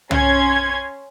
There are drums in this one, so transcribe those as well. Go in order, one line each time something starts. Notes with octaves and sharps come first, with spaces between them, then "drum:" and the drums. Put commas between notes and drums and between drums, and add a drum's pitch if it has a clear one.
C#4 C6 G#6, drum: tom